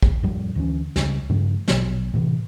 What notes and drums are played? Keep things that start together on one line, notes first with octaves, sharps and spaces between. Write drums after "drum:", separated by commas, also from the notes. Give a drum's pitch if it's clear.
drum: kick
F2 A2 F3 G3
D2 E3 C#4
C#2 C#3 G3, drum: snare
G2 C#3 F3 A3
A#1 B2 F#3 B3, drum: snare
A2 C3 E3